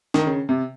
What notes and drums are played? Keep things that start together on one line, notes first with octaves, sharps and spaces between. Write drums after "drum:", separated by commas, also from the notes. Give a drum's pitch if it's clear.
D#3, drum: snare
C#3
C3